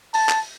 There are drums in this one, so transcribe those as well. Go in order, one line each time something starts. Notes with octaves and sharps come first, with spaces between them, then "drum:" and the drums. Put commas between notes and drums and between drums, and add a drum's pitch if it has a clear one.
A5, drum: open hi-hat
drum: clap